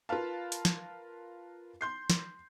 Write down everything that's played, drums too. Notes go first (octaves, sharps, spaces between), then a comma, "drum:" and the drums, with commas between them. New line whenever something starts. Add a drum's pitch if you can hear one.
F4 A#4 B4 F5 A5
drum: hi-hat
drum: snare
C6 G6 C7
drum: snare